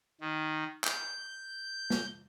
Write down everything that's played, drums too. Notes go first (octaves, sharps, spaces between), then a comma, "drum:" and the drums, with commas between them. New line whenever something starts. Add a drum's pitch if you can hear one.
D#3
G6, drum: clap
drum: snare